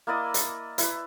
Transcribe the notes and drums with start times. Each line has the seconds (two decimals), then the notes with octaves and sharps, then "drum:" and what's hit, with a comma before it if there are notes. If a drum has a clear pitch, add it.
0.07 A#3 E4 D5 D#5
0.34 drum: hi-hat
0.78 E4 B4, drum: hi-hat